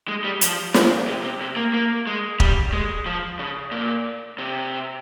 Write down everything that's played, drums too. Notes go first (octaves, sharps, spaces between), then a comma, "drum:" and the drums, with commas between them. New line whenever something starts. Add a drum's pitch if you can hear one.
G#3
G3
F3, drum: hi-hat
A#2, drum: snare
C3
C3
C3
A#3
A#3
G#3
G3, drum: kick
G#3
F3
C#3
A#2
C3